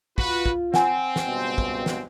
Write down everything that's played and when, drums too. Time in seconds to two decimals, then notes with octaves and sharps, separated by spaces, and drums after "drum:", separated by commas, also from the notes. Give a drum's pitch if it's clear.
0.18 F4 F#4 B4, drum: kick
0.46 drum: kick
0.74 C4 F#5 G#5, drum: snare
1.16 drum: snare
1.26 C#2 G2 B2
1.58 drum: kick
1.86 drum: snare